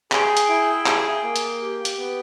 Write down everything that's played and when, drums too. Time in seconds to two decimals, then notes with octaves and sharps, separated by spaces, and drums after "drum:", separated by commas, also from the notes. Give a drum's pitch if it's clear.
0.12 G#4 G5, drum: clap
0.37 drum: hi-hat
0.49 E4 G5
0.86 G#4 G5, drum: clap
1.23 A#3
1.36 drum: hi-hat
1.60 G4
1.85 drum: hi-hat
1.98 B3